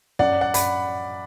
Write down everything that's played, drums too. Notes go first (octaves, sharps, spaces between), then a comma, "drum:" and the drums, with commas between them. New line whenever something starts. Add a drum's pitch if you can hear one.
F#2 D5 F#5, drum: tom
D5 F#5
B5, drum: hi-hat